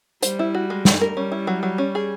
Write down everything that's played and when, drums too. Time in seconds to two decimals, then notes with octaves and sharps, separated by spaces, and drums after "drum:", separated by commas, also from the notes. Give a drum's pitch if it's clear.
0.23 G3 C5, drum: hi-hat
0.39 E4
0.54 F#4
0.70 G#3
0.85 A3, drum: snare
1.01 A#4
1.17 G3 C#4
1.32 E4
1.47 F#3
1.63 F#3
1.78 C#4
1.95 G#4